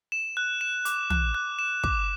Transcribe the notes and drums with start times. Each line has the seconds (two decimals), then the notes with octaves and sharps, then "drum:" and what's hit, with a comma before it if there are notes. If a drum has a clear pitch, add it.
0.12 E7
0.37 F#6
0.61 E7
0.85 D6, drum: hi-hat
1.10 F#6, drum: tom
1.34 F#6
1.59 E7
1.84 D6, drum: kick